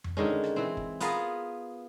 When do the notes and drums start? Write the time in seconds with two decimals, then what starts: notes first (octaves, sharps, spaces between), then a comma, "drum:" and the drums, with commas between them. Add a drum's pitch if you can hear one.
0.04 drum: tom F2
0.17 D3 D#3 G#3 C#4
0.44 drum: rim click
0.56 E3 C4
0.77 drum: kick
1.00 B3 F4 G#4 A#4, drum: hi-hat